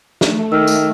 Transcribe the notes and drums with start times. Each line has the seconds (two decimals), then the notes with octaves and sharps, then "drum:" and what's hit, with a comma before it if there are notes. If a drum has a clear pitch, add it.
0.21 A3, drum: snare
0.52 D#3 E6 F6
0.67 drum: tambourine